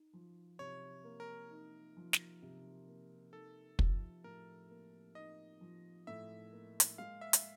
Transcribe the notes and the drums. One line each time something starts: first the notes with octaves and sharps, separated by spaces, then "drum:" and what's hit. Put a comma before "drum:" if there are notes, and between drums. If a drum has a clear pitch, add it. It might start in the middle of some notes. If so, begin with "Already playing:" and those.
Already playing: D#4
F3
C3 C#5
A#3
A#4
D#4
F3
drum: snare
C3
A#3
D#4 A4
F3, drum: kick
A2 A#4
A#3
D#4 D#5
F3
A2 E5
A#3
drum: hi-hat
G#3 F5
E5
drum: hi-hat